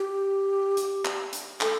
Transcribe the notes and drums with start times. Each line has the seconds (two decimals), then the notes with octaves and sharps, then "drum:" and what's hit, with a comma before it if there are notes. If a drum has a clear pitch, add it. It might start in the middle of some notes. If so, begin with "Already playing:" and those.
Already playing: G4
0.77 drum: hi-hat
1.05 drum: clap
1.33 drum: hi-hat
1.61 A4, drum: clap